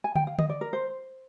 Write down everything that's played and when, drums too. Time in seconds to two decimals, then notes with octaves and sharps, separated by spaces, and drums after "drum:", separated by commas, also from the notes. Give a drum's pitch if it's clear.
0.04 G#5
0.15 G5, drum: tom D3
0.27 F5
0.39 D#5, drum: tom D3
0.49 D5
0.61 A#4
0.73 C5